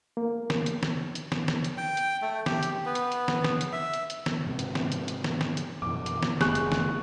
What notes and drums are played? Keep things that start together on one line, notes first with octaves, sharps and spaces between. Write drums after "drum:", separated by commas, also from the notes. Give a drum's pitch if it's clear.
A#3
drum: snare
drum: hi-hat
drum: snare
drum: hi-hat
drum: snare
drum: snare
drum: hi-hat
G5
drum: hi-hat
A3
G4, drum: snare
drum: hi-hat
B3
drum: hi-hat
drum: hi-hat
drum: snare
drum: snare
drum: hi-hat
E5
drum: hi-hat
drum: hi-hat
drum: snare
G#2 C3
drum: hi-hat
drum: snare
drum: hi-hat
drum: hi-hat
drum: snare
drum: snare
drum: hi-hat
F#2 B2 E3 D6
drum: hi-hat
drum: snare
F#1 A3 G#4 C#6 F#6, drum: snare
drum: hi-hat
drum: snare